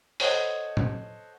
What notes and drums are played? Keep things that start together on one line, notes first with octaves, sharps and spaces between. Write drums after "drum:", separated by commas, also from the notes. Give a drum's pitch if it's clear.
A4 C5 C#5 D#5 F#5, drum: open hi-hat
drum: tom